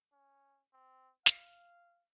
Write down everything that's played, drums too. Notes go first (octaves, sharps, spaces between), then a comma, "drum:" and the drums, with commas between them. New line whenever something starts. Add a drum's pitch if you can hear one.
C#4
C4
F5, drum: snare